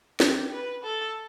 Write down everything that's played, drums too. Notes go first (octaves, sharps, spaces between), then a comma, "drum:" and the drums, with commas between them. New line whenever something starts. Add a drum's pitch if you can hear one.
G4, drum: snare
B4
A4